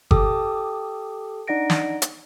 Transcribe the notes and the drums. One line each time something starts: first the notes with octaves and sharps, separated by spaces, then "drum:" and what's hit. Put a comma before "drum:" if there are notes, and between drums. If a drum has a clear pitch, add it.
G4 A4 G5 A5 D6 D#6, drum: kick G1
D4 D#4 D5 F#5 A#6 D7
drum: snare
drum: hi-hat